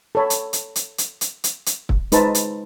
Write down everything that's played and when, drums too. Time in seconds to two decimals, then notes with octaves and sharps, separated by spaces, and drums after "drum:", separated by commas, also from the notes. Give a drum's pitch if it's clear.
0.15 A4 C#5 B5
0.30 drum: hi-hat
0.53 drum: hi-hat
0.76 drum: hi-hat
0.98 drum: hi-hat
1.21 drum: hi-hat
1.44 drum: hi-hat
1.66 drum: hi-hat
1.89 drum: kick
2.12 G#3 D#4 B4 C5 A5, drum: hi-hat
2.35 drum: hi-hat